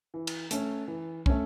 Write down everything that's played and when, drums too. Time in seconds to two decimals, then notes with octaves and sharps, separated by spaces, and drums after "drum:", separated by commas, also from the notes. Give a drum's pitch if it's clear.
0.14 E3
0.27 drum: cymbal
0.51 A3 C#4, drum: hi-hat
0.88 E3
1.26 A3 C#4, drum: kick